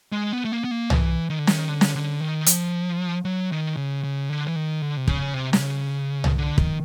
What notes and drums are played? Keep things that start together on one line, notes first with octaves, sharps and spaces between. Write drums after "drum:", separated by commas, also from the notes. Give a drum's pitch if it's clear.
G#3
B3
A3
A#3
B3
A#3
E3, drum: tom
D#3
D3
D#3, drum: snare
D3
drum: snare
D3
D#3
F3, drum: hi-hat
F#3
D#3
C#3
C#3
D3
E3
D#3
D3
C3
C#3, drum: kick
C3
C3, drum: snare
C#3
drum: tom
D3
D#3, drum: kick